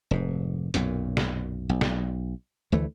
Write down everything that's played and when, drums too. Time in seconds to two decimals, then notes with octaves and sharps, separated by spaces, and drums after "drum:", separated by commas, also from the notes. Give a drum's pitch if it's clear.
0.11 F1 G#2
0.74 B1 F#2 A#2, drum: hi-hat
1.17 drum: snare
1.69 B1
1.81 drum: snare
2.72 D2 E3 A3